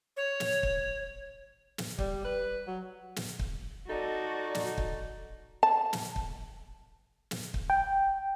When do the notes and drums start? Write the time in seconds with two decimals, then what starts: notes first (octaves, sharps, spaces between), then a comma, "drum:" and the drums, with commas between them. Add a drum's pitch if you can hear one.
0.17 C#5
0.40 drum: snare
0.63 drum: kick
1.78 drum: snare
1.98 G3, drum: kick
2.24 B4
2.67 F#3
3.16 drum: snare
3.39 drum: kick
3.89 D#4 F#4 A4 D5 D#5 A5
4.55 drum: snare
4.78 drum: kick
5.63 A5
5.93 drum: snare
6.16 drum: kick
7.31 drum: snare
7.54 drum: kick
7.70 G5